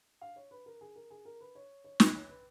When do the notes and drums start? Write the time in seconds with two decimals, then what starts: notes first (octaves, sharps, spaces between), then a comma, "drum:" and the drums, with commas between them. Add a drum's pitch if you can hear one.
0.21 F5
0.36 C#5
0.51 B4
0.66 A#4
0.81 G#4
0.96 A#4
1.11 G#4
1.25 A#4
1.41 B4
1.55 C#5
1.84 C#5
2.00 D#5, drum: snare
2.15 C#5
2.30 B4